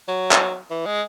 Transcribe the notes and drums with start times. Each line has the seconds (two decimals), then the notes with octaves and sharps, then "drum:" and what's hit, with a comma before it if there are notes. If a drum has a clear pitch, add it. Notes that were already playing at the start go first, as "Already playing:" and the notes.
0.08 F#3
0.31 drum: clap
0.70 E3
0.86 G#3